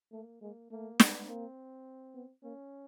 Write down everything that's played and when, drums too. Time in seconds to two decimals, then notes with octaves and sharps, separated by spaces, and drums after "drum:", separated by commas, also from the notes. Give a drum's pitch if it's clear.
0.12 A3 A#3
0.42 G#3 A#3
0.70 A3 A#3
1.00 B3, drum: snare
1.27 A#3 C4
2.15 B3
2.43 A#3 C#4